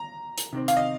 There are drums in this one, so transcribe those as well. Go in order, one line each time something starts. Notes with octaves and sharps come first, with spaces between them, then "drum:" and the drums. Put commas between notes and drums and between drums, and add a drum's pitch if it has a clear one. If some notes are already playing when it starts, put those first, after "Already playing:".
Already playing: A#5
drum: hi-hat
C3 D#3 C4
F5, drum: hi-hat
D#5